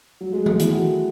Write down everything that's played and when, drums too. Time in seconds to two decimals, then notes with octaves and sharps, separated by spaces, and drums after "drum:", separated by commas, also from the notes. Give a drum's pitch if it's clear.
0.21 F#3
0.33 G#3
0.46 A3, drum: tom D#3
0.59 E4, drum: hi-hat
0.73 F#4